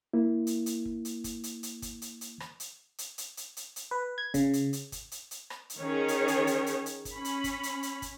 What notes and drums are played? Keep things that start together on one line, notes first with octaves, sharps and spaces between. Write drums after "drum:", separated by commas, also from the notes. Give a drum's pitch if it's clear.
A#3 E4
drum: hi-hat
drum: hi-hat
drum: kick
drum: hi-hat
drum: kick, hi-hat
drum: hi-hat
drum: hi-hat
drum: kick, hi-hat
drum: hi-hat
drum: hi-hat
drum: rim click
drum: hi-hat
drum: hi-hat
drum: hi-hat
drum: hi-hat
drum: hi-hat
drum: hi-hat
B4
G#6
C#3, drum: kick, hi-hat
drum: hi-hat
drum: hi-hat
drum: kick, hi-hat
drum: hi-hat
drum: hi-hat
drum: rim click
drum: hi-hat
D#3 C#4 G#4 C#5
drum: hi-hat
drum: hi-hat
drum: hi-hat
drum: hi-hat
drum: hi-hat
drum: kick, hi-hat
C#4 B5
drum: hi-hat
drum: kick, hi-hat
drum: hi-hat
drum: hi-hat
drum: kick, hi-hat